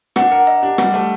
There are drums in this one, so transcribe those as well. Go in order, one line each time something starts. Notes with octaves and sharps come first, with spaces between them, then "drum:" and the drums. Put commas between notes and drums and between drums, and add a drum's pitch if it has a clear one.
D4 F#5, drum: rim click
A#4 F#5
D#5
D4 G4
G3 F#5, drum: rim click
A3 G4